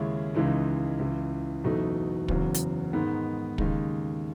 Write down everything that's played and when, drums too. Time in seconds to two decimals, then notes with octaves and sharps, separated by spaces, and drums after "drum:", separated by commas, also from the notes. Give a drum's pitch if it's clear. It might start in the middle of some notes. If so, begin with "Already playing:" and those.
Already playing: D#2 C#3 G#3 C#4 E4
0.35 C#2 C#3 E3 G#3 D#4
0.99 C#2 C#3 E3
1.63 F#1 E2 B2 A3 D#4
2.28 F#1 E2 C#3 F#3, drum: kick
2.55 drum: hi-hat
2.93 G#2 D#3 G#3 B3 D#4
3.58 D#2 C#3 G#3 D#4, drum: kick